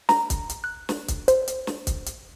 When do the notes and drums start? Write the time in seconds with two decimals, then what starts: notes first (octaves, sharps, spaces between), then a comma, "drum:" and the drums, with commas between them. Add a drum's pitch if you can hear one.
0.09 A#5, drum: snare
0.30 drum: kick, hi-hat
0.50 drum: hi-hat
0.64 F#6
0.89 drum: snare
1.08 drum: kick, hi-hat
1.28 C5, drum: hi-hat
1.48 drum: hi-hat
1.67 drum: snare
1.87 drum: kick, hi-hat
2.06 drum: hi-hat